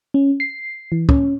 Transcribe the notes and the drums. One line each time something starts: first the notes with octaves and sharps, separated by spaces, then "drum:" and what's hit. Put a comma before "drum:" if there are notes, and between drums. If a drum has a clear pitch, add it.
C#4
C7
E3
C#4, drum: kick